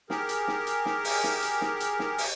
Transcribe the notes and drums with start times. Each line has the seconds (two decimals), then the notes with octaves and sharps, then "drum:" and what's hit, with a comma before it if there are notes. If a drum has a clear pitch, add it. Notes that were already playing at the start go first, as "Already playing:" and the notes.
0.10 G4 G#4 A#4, drum: snare
0.29 drum: hi-hat
0.48 drum: snare
0.67 drum: hi-hat
0.86 drum: snare
1.05 drum: open hi-hat
1.23 drum: snare
1.42 drum: hi-hat
1.61 drum: snare
1.80 drum: hi-hat
1.99 drum: snare
2.18 drum: open hi-hat